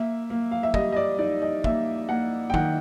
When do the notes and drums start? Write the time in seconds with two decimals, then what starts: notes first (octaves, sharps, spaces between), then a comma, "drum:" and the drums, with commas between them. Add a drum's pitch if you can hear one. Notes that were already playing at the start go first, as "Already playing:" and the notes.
Already playing: A#3 E5
0.30 A#3
0.51 F5
0.63 E5
0.74 G3 D#5, drum: kick
0.92 D#5
0.96 D5
1.19 D#4 D5
1.42 D#5
1.64 A#3 E5, drum: kick
2.09 A#3 F#5
2.50 G5
2.54 D#3 F#5, drum: kick